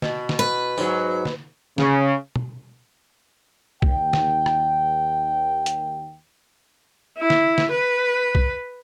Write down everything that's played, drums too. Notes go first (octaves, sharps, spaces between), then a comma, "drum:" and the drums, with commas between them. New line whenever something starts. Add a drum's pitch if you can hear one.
B2, drum: snare
drum: snare
B4
G#2 F#3, drum: tambourine
drum: snare
C#3, drum: snare
drum: tom B2
D#2 G5, drum: kick
drum: snare
drum: rim click
drum: hi-hat
E4
drum: snare
drum: snare
B4
drum: kick